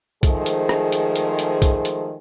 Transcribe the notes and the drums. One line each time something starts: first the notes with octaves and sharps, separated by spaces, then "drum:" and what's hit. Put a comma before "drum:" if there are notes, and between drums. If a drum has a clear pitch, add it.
D#3 F3 G#3 A3 G#4 C5, drum: kick B1, hi-hat
drum: hi-hat
drum: rim click
drum: hi-hat
drum: hi-hat
drum: hi-hat
drum: kick B1, hi-hat
drum: hi-hat